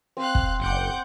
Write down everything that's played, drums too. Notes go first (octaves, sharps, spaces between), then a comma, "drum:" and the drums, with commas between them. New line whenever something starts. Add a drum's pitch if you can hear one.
C4 F5 F#6
drum: kick
F#1 F#5 D6 G6